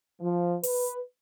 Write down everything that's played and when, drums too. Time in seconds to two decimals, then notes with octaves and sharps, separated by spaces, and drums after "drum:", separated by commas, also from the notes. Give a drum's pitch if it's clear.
0.21 F3
0.63 B4, drum: open hi-hat